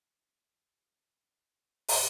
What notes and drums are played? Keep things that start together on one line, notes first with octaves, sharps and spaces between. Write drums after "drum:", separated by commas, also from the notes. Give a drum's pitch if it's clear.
D4
D#4
drum: open hi-hat